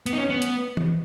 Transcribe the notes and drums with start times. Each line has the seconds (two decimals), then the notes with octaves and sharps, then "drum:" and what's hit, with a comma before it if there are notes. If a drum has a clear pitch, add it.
0.06 B3, drum: hi-hat
0.13 D#4
0.18 C#4
0.30 B3
0.42 drum: hi-hat
0.77 drum: tom E3